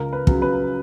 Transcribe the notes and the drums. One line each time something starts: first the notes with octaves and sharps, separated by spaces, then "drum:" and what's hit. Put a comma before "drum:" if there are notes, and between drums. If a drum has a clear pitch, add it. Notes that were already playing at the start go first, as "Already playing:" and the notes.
Already playing: C#2 A#4
B4
C#3 F#3, drum: kick
B4